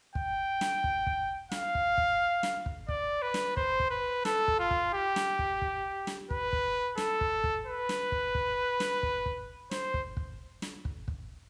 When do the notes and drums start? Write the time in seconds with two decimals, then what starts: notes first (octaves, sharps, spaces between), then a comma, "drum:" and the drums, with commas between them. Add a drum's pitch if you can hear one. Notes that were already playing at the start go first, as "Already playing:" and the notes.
0.15 G5, drum: kick
0.61 drum: snare
0.84 drum: kick
1.07 drum: kick
1.52 F5, drum: snare
1.75 drum: kick
1.98 drum: kick
2.43 drum: snare
2.66 drum: kick
2.89 D5, drum: kick
3.22 B4
3.34 drum: snare
3.57 C5, drum: kick
3.80 drum: kick
3.90 B4
4.25 A4, drum: snare
4.48 drum: kick
4.59 F4
4.71 drum: kick
4.94 G4
5.16 drum: snare
5.39 drum: kick
5.62 drum: kick
6.07 drum: snare
6.30 B4, drum: kick
6.53 drum: kick
6.98 A4, drum: snare
7.21 drum: kick
7.44 drum: kick
7.66 B4
7.89 drum: snare
8.12 drum: kick
8.35 drum: kick
8.80 drum: snare
9.03 drum: kick
9.26 drum: kick
9.71 C5, drum: snare
9.94 drum: kick
10.17 drum: kick
10.62 drum: snare
10.85 drum: kick
11.08 drum: kick